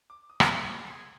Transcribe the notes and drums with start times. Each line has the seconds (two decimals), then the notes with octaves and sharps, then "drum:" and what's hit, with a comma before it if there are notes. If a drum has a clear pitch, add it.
0.10 D6
0.30 D#6
0.40 drum: rim click
0.50 D6
0.70 C#6
0.84 A4
0.90 G#4 C6